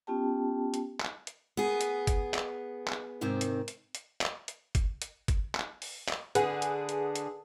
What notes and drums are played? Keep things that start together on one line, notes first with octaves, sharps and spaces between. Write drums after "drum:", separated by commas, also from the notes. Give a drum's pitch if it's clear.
B3 C#4 F4 G4 G5 A5
drum: hi-hat
drum: clap
drum: hi-hat
B3 G#4
drum: hi-hat
drum: kick, hi-hat
drum: clap
drum: clap
D#2 G#2 C3 D#3 C4
drum: hi-hat
drum: hi-hat
drum: hi-hat
drum: clap
drum: hi-hat
drum: kick, hi-hat
drum: hi-hat
drum: kick, hi-hat
drum: clap
drum: open hi-hat
drum: clap
D3 G#4 B4 F#5 G#5, drum: hi-hat
drum: hi-hat
drum: hi-hat
drum: hi-hat